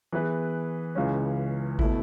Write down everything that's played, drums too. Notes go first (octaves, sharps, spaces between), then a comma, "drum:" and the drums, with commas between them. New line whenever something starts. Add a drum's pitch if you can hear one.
E3 B3 E4 G#4 B4
C#2 C#3 E3 G#3 C#4
B2 A3 E4, drum: kick G#1